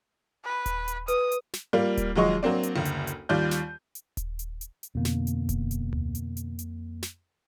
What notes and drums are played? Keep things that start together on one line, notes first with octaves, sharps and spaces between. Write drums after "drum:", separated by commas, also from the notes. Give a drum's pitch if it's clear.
B4
drum: kick D#1, hi-hat
drum: hi-hat
B4 D#6, drum: hi-hat
drum: hi-hat
drum: snare
G3 A#3 F4
drum: kick D#1, hi-hat
D#2 F3 F#3 G#3 D#5 C#6
F#3 A#3 C4 D4
drum: hi-hat
F#1 D2
drum: hi-hat
drum: hi-hat
D#2 G3 F4 D5 G6
drum: snare
drum: hi-hat
drum: kick D#1, hi-hat
drum: hi-hat
drum: hi-hat
drum: hi-hat
F2 B2 D3 A#3
drum: snare
drum: hi-hat
drum: kick D#1, hi-hat
drum: hi-hat
drum: tom D2
drum: hi-hat
drum: hi-hat
drum: hi-hat
drum: snare